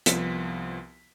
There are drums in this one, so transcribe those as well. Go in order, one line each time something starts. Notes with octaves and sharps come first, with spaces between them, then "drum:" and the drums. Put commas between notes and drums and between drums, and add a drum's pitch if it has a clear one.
C2 F3 B3 B6, drum: hi-hat